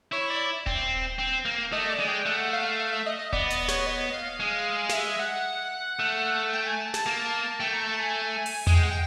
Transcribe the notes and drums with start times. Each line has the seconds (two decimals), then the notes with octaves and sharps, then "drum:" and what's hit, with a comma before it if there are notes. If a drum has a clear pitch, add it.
0.12 E4 C#5
0.30 D5
0.66 C4, drum: kick D#1
1.19 C4
1.45 A#3
1.73 A3 D#5
1.90 D5
2.00 G#3
2.08 G5
2.25 A3 F#5
2.53 F5
2.79 F5
2.93 E5
3.06 D#5
3.19 D#5
3.32 B3 D5, drum: kick D#1
3.50 D#5, drum: hi-hat
3.68 C#5, drum: snare
3.87 D#5
4.13 F5
4.40 G#3
4.89 F5, drum: snare
4.93 E5
5.19 F#5
5.99 A3
6.53 G5
6.67 G#5
6.81 A5
6.94 A5, drum: snare
7.06 A#3
7.60 A3 G5
7.74 A#5
7.87 A5
8.00 G#5
8.46 drum: open hi-hat
8.67 G#3 G#5, drum: tom E2
8.75 G5
8.83 F#5
8.91 G5